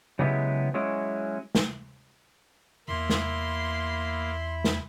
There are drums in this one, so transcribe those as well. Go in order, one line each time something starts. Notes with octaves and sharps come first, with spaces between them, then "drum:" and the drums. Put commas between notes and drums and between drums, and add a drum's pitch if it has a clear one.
C#3 F#3 G#3 B3 E4 G4
F#3 G#3 C#4 E4
drum: snare
E2 A#3 E4 B5 C6 E6
drum: snare
drum: snare